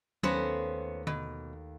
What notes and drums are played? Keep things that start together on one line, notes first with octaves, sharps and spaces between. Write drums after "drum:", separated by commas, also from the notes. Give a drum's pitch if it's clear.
D#2 A3 B3 C#4 C5 A#6, drum: tom F#3
B2, drum: tom D3